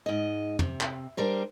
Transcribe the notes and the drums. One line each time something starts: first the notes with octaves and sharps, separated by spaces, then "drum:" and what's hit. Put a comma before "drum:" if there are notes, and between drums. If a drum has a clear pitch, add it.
G#2 D#5
C3, drum: tom
drum: clap
G3 D4 A#4 C5